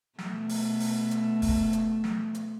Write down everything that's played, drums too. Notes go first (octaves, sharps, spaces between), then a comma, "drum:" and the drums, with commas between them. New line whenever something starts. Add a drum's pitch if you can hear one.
B2 A3, drum: snare
drum: open hi-hat
drum: open hi-hat
drum: hi-hat
drum: kick, open hi-hat
drum: hi-hat
drum: snare
drum: hi-hat